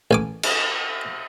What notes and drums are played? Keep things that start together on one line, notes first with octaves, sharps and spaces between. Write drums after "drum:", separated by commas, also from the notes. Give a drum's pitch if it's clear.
A1 G#5 D6
drum: cymbal